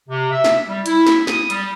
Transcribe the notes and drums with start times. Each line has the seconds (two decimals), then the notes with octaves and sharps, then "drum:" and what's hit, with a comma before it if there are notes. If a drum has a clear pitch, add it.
0.09 C3
0.32 E5
0.44 drum: snare
0.68 G3
0.86 E4, drum: hi-hat
1.07 drum: snare
1.27 D#6, drum: snare
1.50 G3, drum: hi-hat